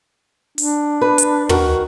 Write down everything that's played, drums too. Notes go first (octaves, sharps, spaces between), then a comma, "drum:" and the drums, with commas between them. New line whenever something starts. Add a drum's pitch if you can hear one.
D4, drum: open hi-hat
B4
drum: hi-hat
D#3 F#4 A#4, drum: tom